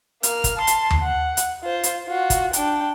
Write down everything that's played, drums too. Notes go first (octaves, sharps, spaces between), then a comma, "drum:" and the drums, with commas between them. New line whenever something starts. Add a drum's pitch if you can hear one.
A#3 F6, drum: hi-hat
drum: kick, hi-hat
A5 C6
drum: hi-hat
drum: tom D#2
F#5
drum: hi-hat
F4 C5
drum: hi-hat
F4 F#4
drum: kick, hi-hat
D4 G5, drum: hi-hat